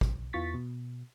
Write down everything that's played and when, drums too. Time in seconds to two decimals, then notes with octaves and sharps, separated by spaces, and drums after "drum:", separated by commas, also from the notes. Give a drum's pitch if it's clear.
0.01 B1, drum: kick
0.33 E2 E3 F4 C#6 A6 B6
0.54 B2